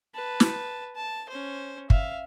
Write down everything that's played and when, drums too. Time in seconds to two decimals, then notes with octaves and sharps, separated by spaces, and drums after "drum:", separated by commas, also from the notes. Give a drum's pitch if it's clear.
0.15 B4 A5
0.40 drum: snare
0.96 A5
1.29 C#4 C5
1.90 E5 F5, drum: kick